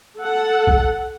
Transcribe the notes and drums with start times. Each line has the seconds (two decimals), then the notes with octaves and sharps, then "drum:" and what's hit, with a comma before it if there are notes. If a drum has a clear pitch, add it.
0.19 A4 F#5
0.67 drum: kick C2